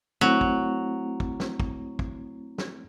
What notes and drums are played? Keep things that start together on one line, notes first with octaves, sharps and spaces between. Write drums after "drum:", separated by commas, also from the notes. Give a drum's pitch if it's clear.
F#3 A3 C4 E4
drum: kick
drum: kick
drum: snare
drum: kick
drum: kick
drum: snare